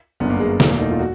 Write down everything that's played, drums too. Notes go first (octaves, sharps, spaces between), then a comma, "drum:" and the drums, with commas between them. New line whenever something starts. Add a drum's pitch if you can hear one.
G1 F#2 D3 B3
A#3
G#3
G#3
E1 E2 B2 A3, drum: snare
A#3
D#4
F4
F#4